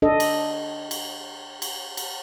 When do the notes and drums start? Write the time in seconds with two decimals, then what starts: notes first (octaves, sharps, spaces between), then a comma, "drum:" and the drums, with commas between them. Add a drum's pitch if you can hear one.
0.02 D4 A4 D#5
0.20 drum: cymbal
0.91 drum: cymbal
1.62 drum: cymbal
1.97 drum: cymbal